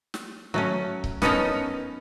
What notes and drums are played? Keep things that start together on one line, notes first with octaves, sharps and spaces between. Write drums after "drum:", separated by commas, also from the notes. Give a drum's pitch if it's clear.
drum: snare
F#3 A3 C#4
drum: kick C#1
B3 C#4 D#4 A4 A#4, drum: snare